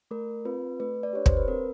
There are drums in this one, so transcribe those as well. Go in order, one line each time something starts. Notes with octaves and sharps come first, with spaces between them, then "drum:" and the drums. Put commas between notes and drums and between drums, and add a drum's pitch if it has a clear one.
A3 A#4
C4 F4 B4
A3 B4
D5
D4 G4 C#5
C5, drum: kick
B4
C4 A#4